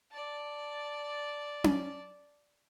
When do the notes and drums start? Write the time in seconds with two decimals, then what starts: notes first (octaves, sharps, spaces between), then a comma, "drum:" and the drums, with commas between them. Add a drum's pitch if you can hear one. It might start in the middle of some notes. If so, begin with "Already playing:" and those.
0.11 D5 A5
1.64 drum: tom C#4